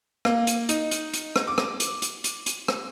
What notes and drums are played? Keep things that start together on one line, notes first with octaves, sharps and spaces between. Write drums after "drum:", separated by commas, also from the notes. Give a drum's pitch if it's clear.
A#3, drum: rim click
drum: hi-hat
D#4, drum: hi-hat
drum: hi-hat
drum: hi-hat
drum: rim click
D6
drum: rim click
drum: hi-hat
drum: hi-hat
drum: hi-hat
drum: hi-hat
drum: rim click